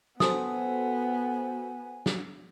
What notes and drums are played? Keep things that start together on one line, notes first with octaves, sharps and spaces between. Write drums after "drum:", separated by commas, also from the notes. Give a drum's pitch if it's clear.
B3 F#4 A4 C5 G#5 D#6, drum: snare
drum: snare